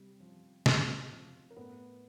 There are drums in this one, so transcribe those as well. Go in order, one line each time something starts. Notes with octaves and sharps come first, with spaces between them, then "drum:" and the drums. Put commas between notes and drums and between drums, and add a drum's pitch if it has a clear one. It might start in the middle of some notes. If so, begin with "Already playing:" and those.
Already playing: C3 G3 G4
F3
C3, drum: snare
F3
A#4
A2 B3 B4